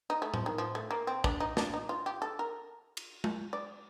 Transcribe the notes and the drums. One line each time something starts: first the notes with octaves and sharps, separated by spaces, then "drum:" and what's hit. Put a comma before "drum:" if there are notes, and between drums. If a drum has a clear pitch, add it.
D#4
A3
F3, drum: tom A2
D#3
F3
A3
A#3
C4
D4, drum: kick
D#4
D4, drum: snare
D#4
F4
G4
A4
A#4
drum: cymbal
drum: tom G#3
D5